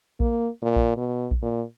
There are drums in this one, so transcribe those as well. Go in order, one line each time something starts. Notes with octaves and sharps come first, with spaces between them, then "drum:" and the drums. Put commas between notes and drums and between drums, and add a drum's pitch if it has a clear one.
A#3, drum: kick A#1
A#2
drum: kick A#1
B2
drum: kick A#1
A#2